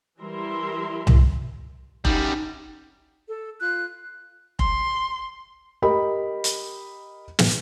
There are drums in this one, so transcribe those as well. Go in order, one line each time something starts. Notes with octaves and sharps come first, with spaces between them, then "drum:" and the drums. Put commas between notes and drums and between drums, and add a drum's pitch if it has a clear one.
E3 G3 E4 A#4 E5 C6
drum: tom C2
F#2 G3 D#4, drum: kick F1
A4
F4 F#6
C6, drum: kick F1
G4 A#4 D#5 B5
drum: hi-hat
drum: snare